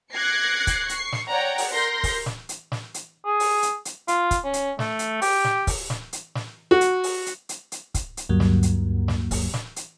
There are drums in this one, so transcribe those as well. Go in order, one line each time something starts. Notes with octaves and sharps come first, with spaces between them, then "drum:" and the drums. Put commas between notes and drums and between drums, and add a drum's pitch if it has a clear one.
D6 F#6 G#6 A#6 C7 C#7
drum: kick, hi-hat
C#6 C7, drum: hi-hat
drum: snare
C#5 D5 F#5 G5 A#5
drum: open hi-hat
A#4 C6 G6 A#6
drum: kick, open hi-hat
drum: snare
drum: hi-hat
drum: snare
drum: hi-hat
G#4
drum: open hi-hat
drum: hi-hat
drum: hi-hat
F4, drum: hi-hat
drum: kick, hi-hat
C#4
drum: hi-hat
A3, drum: snare
drum: hi-hat
G4, drum: open hi-hat
drum: snare
drum: kick, open hi-hat
drum: snare
drum: hi-hat
drum: snare
F#4
drum: hi-hat
drum: open hi-hat
drum: hi-hat
drum: hi-hat
drum: hi-hat
drum: kick, hi-hat
drum: hi-hat
D2 G2 F#3 A#3
drum: snare
drum: hi-hat
drum: snare
drum: kick, open hi-hat
drum: snare
drum: hi-hat